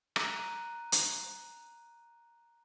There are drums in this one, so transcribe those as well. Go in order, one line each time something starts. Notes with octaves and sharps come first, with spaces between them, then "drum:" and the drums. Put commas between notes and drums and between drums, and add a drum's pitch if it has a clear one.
A#5 F#6 D#7, drum: rim click
drum: hi-hat